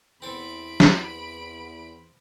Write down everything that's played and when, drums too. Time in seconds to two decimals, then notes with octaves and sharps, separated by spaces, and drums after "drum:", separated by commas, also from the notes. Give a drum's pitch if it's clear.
0.22 E2 C4 A4 B5 D7
0.80 drum: snare